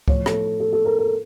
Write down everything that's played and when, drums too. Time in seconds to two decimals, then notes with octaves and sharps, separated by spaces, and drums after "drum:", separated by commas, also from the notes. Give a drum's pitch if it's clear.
0.08 A2 F3 C#5, drum: kick C#2
0.26 A4, drum: rim click
0.60 A4
0.73 A4
0.85 A#4
0.99 A#4